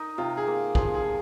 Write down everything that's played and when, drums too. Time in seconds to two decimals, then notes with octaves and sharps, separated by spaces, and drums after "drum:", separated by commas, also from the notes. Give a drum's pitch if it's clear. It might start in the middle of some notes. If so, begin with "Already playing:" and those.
Already playing: D#4 A#4
0.18 C3 F4
0.37 G#4
0.47 A#3
0.75 F3 G#4, drum: kick
0.94 G#4
1.04 F3